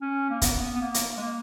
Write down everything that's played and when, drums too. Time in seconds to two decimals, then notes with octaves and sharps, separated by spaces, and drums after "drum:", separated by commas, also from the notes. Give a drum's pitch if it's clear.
0.01 C#4
0.30 A#3
0.42 B3, drum: kick, hi-hat
0.74 B3
0.81 A#3
0.94 drum: hi-hat
1.17 G#3
1.20 A#3